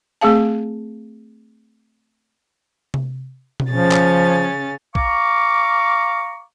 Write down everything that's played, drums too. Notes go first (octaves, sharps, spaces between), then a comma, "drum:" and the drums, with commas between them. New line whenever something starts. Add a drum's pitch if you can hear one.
A3 C4 G#4 F5 A5
drum: tom C3
drum: tom B2
C#3 F3 C#4 A6
drum: clap
F5 A#5 C#6 D6, drum: kick